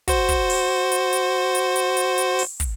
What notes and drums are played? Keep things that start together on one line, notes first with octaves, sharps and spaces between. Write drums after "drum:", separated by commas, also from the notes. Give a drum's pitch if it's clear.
F#4 C5, drum: kick, hi-hat
drum: kick, hi-hat
drum: open hi-hat
drum: hi-hat
drum: hi-hat
drum: hi-hat
drum: hi-hat
drum: hi-hat
drum: hi-hat
drum: open hi-hat
drum: kick, hi-hat